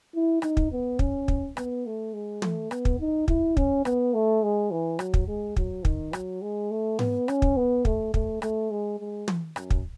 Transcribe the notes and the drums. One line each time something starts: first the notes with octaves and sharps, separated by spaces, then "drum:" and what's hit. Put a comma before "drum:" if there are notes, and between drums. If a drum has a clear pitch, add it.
E4
D#4, drum: rim click
drum: kick
B3
C#4, drum: kick
drum: kick
B3, drum: rim click
A3
G#3
A3, drum: tom
B3, drum: rim click
drum: kick
D#4
E4, drum: kick
C#4, drum: kick
B3, drum: rim click
A3
G#3
E3
F#3, drum: rim click
drum: kick
G#3
F#3, drum: kick
D#3, drum: kick
F#3, drum: rim click
G#3
A3
B3, drum: tom G#2
C#4, drum: rim click
drum: kick
B3
A3, drum: kick
A3, drum: kick
A3, drum: rim click
G#3
G#3
drum: tom
F#2, drum: rim click
drum: kick